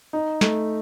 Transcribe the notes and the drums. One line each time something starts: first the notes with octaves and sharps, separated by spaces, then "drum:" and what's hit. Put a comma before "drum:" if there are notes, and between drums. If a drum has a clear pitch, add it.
D#4
A3, drum: snare